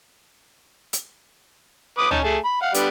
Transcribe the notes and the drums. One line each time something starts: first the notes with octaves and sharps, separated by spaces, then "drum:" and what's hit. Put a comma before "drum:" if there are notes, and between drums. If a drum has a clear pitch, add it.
drum: hi-hat
B4 D6 D#6
C#4 D#4 A5, drum: tom
A3 G#4 A5
B5
F5 F#5
D3 G3 B3, drum: hi-hat